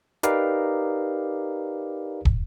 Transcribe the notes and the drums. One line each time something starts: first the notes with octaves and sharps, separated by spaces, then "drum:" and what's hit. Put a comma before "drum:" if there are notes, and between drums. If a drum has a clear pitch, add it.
D#4 G4 A#4 B4 D5 F5, drum: hi-hat
drum: kick